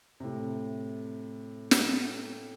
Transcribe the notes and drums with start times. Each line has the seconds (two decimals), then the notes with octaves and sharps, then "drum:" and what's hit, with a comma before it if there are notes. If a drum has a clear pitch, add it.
0.20 A2 C3
1.71 drum: snare